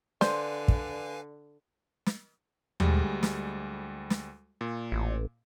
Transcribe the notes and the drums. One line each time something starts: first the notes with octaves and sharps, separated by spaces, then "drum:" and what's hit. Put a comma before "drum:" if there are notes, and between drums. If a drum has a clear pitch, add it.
D3 B4 C5 D5 F5 G#5, drum: snare
drum: kick
drum: snare
D2 G3 G#3, drum: tom D#2
drum: snare
drum: snare
A#2
A1